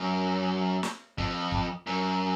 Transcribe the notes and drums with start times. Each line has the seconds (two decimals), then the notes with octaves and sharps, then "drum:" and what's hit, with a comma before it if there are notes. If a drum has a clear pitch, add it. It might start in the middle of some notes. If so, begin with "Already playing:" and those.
Already playing: F#2
0.83 drum: snare
1.18 F2, drum: kick
1.52 drum: kick
1.87 F#2